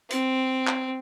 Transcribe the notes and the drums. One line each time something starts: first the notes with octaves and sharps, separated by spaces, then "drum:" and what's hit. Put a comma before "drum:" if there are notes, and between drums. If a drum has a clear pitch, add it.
C4, drum: hi-hat
drum: clap